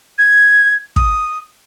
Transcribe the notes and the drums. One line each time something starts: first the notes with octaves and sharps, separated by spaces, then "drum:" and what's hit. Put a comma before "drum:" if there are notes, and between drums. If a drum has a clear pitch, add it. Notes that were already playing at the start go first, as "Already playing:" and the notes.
G#6
D#6, drum: kick